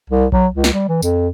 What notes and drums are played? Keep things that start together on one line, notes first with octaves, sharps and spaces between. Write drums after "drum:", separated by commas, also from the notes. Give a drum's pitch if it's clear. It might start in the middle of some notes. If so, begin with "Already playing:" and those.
C2
F#3, drum: kick A#1
C#2
drum: snare
G3
E3
F2, drum: tambourine